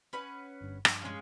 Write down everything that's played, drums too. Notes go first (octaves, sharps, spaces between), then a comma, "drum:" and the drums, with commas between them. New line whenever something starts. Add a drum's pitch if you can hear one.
C#4 B4 F#5
G1 G2
G2 F3, drum: rim click
G#3 C#4 F4